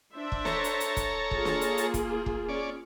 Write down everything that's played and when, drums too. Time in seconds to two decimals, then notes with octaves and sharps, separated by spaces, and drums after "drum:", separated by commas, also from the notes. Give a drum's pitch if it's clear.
0.16 D4 C5 E5
0.32 drum: kick
0.45 A4 C#5 A#5, drum: snare
0.64 drum: hi-hat
0.80 drum: hi-hat
0.97 drum: kick, hi-hat
1.31 A#3 F4 G#4, drum: kick
1.45 drum: snare
1.61 drum: hi-hat
1.78 drum: hi-hat
1.94 drum: kick, hi-hat
2.26 drum: kick
2.49 C#4 D5